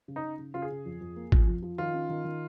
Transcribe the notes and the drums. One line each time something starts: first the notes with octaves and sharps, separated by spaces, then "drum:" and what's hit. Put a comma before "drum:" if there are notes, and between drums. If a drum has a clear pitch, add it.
C#3
D#4
C#3
C#3
C#3 F4
G#4
C#3
F2
F2
A#3
F3, drum: kick
F2
F3
D#3 F4
C#4
D#3
D#3